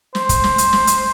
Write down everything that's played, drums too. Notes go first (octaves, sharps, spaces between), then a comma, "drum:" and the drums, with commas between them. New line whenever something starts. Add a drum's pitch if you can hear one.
C5, drum: snare
drum: kick, hi-hat
drum: snare
drum: hi-hat
drum: snare
drum: hi-hat